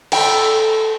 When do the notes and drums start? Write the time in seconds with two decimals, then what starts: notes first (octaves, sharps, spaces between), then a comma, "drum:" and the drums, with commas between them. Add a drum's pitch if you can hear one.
0.12 A4 G5, drum: cymbal